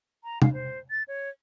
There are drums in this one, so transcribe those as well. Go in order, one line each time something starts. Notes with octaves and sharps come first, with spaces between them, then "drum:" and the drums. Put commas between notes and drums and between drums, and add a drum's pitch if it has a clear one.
A#5
F5, drum: tom
C5
A6
C#5